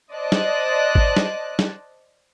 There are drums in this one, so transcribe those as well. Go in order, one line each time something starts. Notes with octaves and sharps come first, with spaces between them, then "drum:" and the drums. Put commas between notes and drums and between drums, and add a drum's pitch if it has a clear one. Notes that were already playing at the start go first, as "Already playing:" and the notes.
C5 D5 D#5 A5 F#6
drum: snare
drum: kick G#1
drum: snare
drum: snare